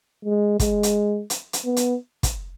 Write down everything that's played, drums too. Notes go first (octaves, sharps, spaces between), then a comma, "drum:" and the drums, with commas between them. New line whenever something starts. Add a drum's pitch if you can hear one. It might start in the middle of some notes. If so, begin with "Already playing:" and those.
G#3
G#3, drum: kick, hi-hat
drum: hi-hat
drum: hi-hat
drum: hi-hat
B3
drum: hi-hat
drum: kick, hi-hat